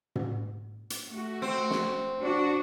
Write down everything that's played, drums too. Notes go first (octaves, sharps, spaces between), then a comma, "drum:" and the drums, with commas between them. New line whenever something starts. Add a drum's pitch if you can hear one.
drum: tom
drum: hi-hat
A3 F#4
C4
drum: snare
D4 F#4